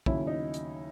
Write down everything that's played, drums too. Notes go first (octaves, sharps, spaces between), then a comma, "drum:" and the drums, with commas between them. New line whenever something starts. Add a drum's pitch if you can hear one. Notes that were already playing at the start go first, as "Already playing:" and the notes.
D#2 C#3 F#3 E4, drum: kick
D#4
drum: hi-hat